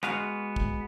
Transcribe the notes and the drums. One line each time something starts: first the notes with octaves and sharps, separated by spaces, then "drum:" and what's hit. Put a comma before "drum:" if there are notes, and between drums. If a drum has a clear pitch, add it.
G#3 B3 F#4 F5, drum: rim click
drum: kick